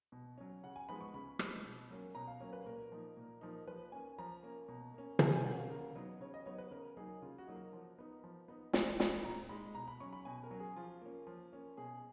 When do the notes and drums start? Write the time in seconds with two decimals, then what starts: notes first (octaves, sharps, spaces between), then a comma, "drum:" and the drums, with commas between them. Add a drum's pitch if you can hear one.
0.12 B2
0.38 F#3 C#4
0.63 C#3 F#5
0.76 G#5
0.88 F3 G#3 B3 D#4 B5
1.01 C#6
1.14 C#3 B5
1.39 F3 G#3 B3 D#4, drum: rim click
1.65 B2
1.90 F#3 A#3 C#4
2.15 B2 A#5
2.28 F5
2.40 F#3 A#3 C#4 C#5
2.53 B4
2.66 A#2 A#4
2.92 F3 A#3 D#4
3.17 A#2
3.41 F3 A#3 D#4
3.67 F3 B4
3.92 A#3 C#4 G#5
4.18 F3 A#5
4.43 A#3 C#4
4.68 B2
4.94 A#3 C#4
5.19 B2 B5, drum: tom
5.32 G#5
5.45 A#3 C#4 F#5
5.58 F5
5.70 C#3 A#4
5.95 F#3 B3 D#4
6.20 C#3 C#5
6.34 D#5
6.46 F#3 B3 D#4 C#5
6.58 B4
6.71 C#3 A#4
6.97 F#3 A#3 D#4 G#4
7.22 C#3 F4
7.38 F#4
7.47 F#3 A#3 D#4
7.56 A#4
7.73 F3
7.98 B3 D#4
8.24 F3
8.48 B3 D#4
8.73 A#2, drum: snare
9.00 G#3 D#4 B5, drum: snare
9.25 A#2 A#5
9.49 G#3 D#4 B5
9.75 B2 A#5
9.88 B5
10.00 F#3 C#4 C#6
10.13 B5
10.25 B2 G#5
10.43 A#4
10.51 F#3 C#4
10.60 G#4
10.76 F3 F4
11.02 A#3 C#4
11.27 F3
11.52 A#3 C#4
11.77 B2 G#4